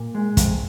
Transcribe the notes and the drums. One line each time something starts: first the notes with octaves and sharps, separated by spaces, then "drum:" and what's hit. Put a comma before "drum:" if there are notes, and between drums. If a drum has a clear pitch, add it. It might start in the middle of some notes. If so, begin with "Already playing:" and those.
Already playing: A#2
G#3
F2, drum: kick, hi-hat